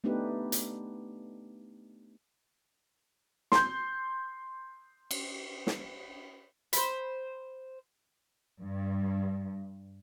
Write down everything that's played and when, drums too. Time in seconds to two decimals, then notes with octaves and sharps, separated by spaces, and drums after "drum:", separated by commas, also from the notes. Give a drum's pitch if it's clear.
0.04 A3 B3 D4 D#4 G4 B4
0.52 drum: hi-hat
3.52 C6 G6, drum: snare
5.11 drum: cymbal
5.67 drum: snare
6.73 C5 B5, drum: hi-hat
8.62 G2